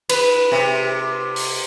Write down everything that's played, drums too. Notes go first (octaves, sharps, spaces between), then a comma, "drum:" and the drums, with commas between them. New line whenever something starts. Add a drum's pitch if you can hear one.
B4, drum: cymbal
C3
drum: open hi-hat